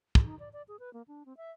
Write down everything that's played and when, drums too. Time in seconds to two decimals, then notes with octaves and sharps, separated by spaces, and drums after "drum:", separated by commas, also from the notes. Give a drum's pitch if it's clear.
0.15 drum: kick
0.25 D#4
0.40 D5
0.53 D5
0.68 G#4
0.79 B4
0.94 A#3
1.08 D4
1.26 C4
1.37 E5